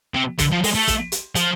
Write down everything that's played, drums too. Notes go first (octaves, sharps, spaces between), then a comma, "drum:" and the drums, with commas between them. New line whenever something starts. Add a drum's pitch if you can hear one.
C3
D3, drum: kick, hi-hat
F3
G#3, drum: open hi-hat
A3
drum: kick, hi-hat
drum: hi-hat
F3, drum: hi-hat